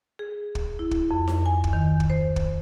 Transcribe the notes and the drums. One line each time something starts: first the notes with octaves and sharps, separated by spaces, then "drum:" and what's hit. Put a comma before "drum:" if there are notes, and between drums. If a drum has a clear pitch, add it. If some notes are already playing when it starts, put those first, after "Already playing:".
G#4
drum: kick
E4
drum: kick
F2
drum: snare D#4
G#5
drum: kick
D#3
drum: kick
C5
drum: kick